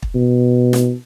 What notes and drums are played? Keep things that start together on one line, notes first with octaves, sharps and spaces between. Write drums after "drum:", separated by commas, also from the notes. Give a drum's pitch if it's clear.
drum: kick
B2
drum: snare